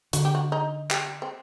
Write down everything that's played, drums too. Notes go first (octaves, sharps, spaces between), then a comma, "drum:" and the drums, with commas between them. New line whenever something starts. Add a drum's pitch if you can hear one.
D3 F#4, drum: hi-hat
G4
F#4
D#4
G4, drum: clap
C4